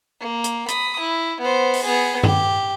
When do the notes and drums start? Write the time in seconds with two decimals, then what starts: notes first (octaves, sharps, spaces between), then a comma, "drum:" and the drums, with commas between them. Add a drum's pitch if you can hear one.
0.21 A#3
0.44 drum: hi-hat
0.68 B5 D#6, drum: hi-hat
1.00 E4
1.41 B3 C5
1.73 drum: open hi-hat
1.84 B3 G#4
2.23 G4, drum: tom G2